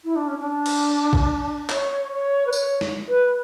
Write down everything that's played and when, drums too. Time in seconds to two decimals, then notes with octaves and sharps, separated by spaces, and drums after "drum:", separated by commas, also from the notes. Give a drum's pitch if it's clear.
0.04 E4
0.15 D4
0.27 C#4
0.38 D4
0.66 drum: cymbal
1.13 drum: kick A#1
1.69 C#5, drum: clap
2.11 C#5
2.46 B4
2.53 C#5, drum: tambourine
2.81 drum: snare
3.08 B4